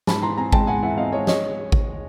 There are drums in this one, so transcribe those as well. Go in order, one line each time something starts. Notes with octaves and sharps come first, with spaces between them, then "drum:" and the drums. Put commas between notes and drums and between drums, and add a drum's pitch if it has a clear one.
G#2 A5 B5, drum: snare
E3 A#5 C6
C4 G#5 A#5
G#3 G5 A5, drum: kick G#1
G#2 F#5 G#5
E3 E5 F#5
C4 D#5 F5
G#3 C#5 D#5
C#5 D#5, drum: snare
drum: kick G#1